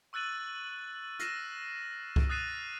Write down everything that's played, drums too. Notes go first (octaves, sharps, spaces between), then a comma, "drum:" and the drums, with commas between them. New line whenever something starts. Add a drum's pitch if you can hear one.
C#6 E6 F#6 A6 D#7 F#7
F6 A#6 C7 D#7 E7, drum: hi-hat
drum: kick C2
D#6 F#6 A6 C7 D#7 E7